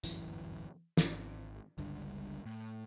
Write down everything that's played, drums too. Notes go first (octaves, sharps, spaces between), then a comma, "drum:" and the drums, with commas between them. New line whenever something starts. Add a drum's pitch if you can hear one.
D1 G1 F#2 E3, drum: tambourine
G#1, drum: snare
G1 C#2 G2 D3
A2